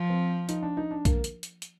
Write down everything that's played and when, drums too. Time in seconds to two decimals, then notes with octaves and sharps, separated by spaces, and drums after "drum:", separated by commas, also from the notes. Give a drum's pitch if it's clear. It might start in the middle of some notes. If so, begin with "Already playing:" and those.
Already playing: F3
0.10 C4
0.49 D#4, drum: hi-hat
0.63 D4
0.77 D#4
0.91 D4
1.05 A#3, drum: kick B1, hi-hat
1.24 drum: hi-hat
1.43 drum: hi-hat
1.62 drum: hi-hat